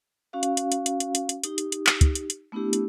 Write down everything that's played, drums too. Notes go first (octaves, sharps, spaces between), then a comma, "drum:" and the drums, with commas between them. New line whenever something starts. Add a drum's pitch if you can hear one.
C#4 F#4 F5
drum: hi-hat
drum: hi-hat
drum: hi-hat
drum: hi-hat
drum: hi-hat
drum: hi-hat
drum: hi-hat
D#4 G4, drum: hi-hat
drum: hi-hat
drum: hi-hat
drum: clap
drum: kick, hi-hat
drum: hi-hat
drum: hi-hat
A3 B3 D4 E4 G4
drum: hi-hat